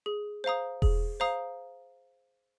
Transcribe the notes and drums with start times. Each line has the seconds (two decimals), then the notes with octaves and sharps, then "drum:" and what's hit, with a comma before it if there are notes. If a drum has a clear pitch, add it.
0.06 G#4
0.44 C5 F5 A#5 D#6
0.82 G#4, drum: kick E1
1.20 C5 F5 A#5 D#6